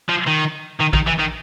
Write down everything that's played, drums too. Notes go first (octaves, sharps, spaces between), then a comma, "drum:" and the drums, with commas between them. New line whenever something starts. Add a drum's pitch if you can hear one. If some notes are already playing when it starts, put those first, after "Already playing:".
F3
D#3
D#3
D#3, drum: kick A#1
E3
D#3